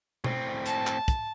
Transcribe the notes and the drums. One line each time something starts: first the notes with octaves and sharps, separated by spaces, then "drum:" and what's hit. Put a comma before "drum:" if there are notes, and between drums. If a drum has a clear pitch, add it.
A2 C4, drum: tom B2
A5, drum: hi-hat
drum: clap
drum: kick, hi-hat